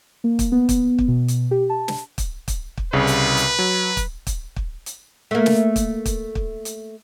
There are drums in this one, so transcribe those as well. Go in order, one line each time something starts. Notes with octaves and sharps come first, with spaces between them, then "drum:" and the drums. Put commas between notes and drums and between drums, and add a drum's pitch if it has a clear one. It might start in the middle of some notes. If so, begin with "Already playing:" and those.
A#3
drum: kick, hi-hat
B3
drum: kick, hi-hat
drum: kick
B2
drum: hi-hat
G4
A5
drum: snare
drum: kick, hi-hat
drum: kick, hi-hat
drum: kick
C2 C#3 B4
drum: hi-hat
drum: hi-hat
F#3
drum: kick, hi-hat
drum: kick, hi-hat
drum: kick
drum: hi-hat
A3 A#3
drum: snare
drum: kick, hi-hat
drum: kick, hi-hat
drum: kick
drum: hi-hat